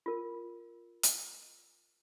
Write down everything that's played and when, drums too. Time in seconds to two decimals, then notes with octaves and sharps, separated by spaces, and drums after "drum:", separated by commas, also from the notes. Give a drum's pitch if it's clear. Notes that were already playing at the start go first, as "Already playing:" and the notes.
0.06 F4 A#4
1.03 drum: hi-hat